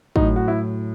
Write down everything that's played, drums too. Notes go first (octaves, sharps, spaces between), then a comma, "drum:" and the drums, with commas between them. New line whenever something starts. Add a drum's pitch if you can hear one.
A2 F#3 D#4, drum: kick
F#4
E4